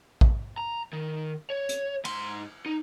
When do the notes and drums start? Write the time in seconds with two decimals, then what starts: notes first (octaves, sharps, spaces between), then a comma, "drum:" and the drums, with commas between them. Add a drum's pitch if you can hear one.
0.21 drum: kick A1
0.58 A#5
0.93 D#3
1.50 C#5
1.69 drum: hi-hat
2.05 G#2 C6, drum: cymbal
2.66 D#4